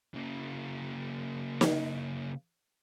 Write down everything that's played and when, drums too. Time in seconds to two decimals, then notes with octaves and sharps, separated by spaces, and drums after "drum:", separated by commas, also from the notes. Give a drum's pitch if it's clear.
0.14 C#3 A#3
1.61 drum: snare